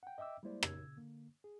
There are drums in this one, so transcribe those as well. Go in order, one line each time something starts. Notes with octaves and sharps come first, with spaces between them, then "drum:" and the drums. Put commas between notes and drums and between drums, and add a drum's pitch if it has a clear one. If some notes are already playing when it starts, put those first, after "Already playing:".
F#5 G5
D#5 E5 G5 D6 E6
G3 G#3 A#3 E4 C5 D5
A#2 C#3 E6 G#6, drum: rim click
D3 A#3
G#4